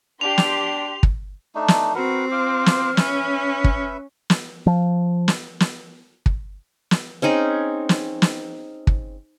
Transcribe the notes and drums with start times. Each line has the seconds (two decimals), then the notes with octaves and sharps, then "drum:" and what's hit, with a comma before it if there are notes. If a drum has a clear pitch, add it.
0.21 D4 G4 C6 F7
0.38 drum: snare
1.03 drum: kick
1.55 A3 D4 D#4
1.68 drum: snare
1.95 C4 F#4 A#4 B4 F#5
2.31 F4 C5 D6 F6
2.66 drum: snare
2.97 C#4 B4 E5, drum: snare
3.64 drum: kick
4.30 drum: snare
4.66 F3
5.28 drum: snare
5.60 drum: snare
6.26 drum: kick
6.91 drum: snare
7.22 C4 C#4 D#4 G#4
7.89 drum: snare
8.22 drum: snare
8.87 drum: kick